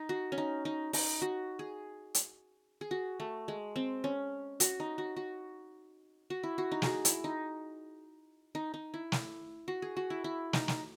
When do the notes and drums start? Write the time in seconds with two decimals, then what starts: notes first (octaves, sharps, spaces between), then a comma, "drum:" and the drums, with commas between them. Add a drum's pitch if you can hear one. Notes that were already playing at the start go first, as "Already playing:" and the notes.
Already playing: D#4
0.09 F#4
0.32 C#4
0.38 D#4
0.65 D#4
0.93 D#4, drum: open hi-hat
1.22 F#4
1.59 G#4
2.15 drum: hi-hat
2.81 G#4
2.91 F#4
3.20 A3
3.48 G#3
3.76 C4
4.04 C#4
4.60 F#4, drum: hi-hat
4.80 D#4
4.98 F#4
5.17 F#4
6.30 F#4
6.43 E4
6.58 F#4
6.72 D#4
6.82 F#4 G#4, drum: snare
7.05 E4, drum: hi-hat
7.24 D#4
8.55 D#4
8.74 D#4
8.94 E4
9.12 drum: snare
9.68 F#4
9.82 G#4
9.97 F#4
10.10 E4
10.24 E4
10.53 D#4, drum: snare
10.68 drum: snare